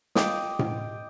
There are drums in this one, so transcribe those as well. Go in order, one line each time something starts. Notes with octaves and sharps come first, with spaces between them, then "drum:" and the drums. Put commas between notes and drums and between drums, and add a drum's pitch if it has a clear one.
D#5 G5 D6, drum: snare
drum: tom A2